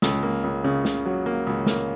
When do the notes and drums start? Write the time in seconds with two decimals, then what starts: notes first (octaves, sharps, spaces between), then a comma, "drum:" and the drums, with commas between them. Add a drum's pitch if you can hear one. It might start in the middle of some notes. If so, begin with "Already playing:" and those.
0.02 C#2, drum: snare
0.23 A#3
0.44 C#2
0.64 C#3
0.85 C#3, drum: snare
1.06 F#3
1.26 A#3
1.47 C#2
1.67 A#3, drum: snare